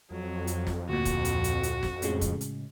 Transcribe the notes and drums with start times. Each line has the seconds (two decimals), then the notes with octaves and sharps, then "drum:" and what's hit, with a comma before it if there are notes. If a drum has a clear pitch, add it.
0.11 F2 F#3
0.47 drum: hi-hat
0.67 drum: snare
0.89 D2 A#2 F#4
1.05 drum: kick, hi-hat
1.25 drum: hi-hat
1.44 drum: hi-hat
1.63 drum: hi-hat
1.83 drum: snare
2.02 A2 C#3 G#3, drum: hi-hat
2.21 drum: kick, hi-hat
2.41 drum: hi-hat